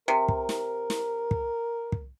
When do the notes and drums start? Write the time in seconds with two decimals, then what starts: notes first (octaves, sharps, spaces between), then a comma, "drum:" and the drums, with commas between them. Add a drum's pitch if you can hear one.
0.08 C3 A#4
0.28 drum: kick
0.49 drum: snare
0.90 drum: snare
1.31 drum: kick
1.92 drum: kick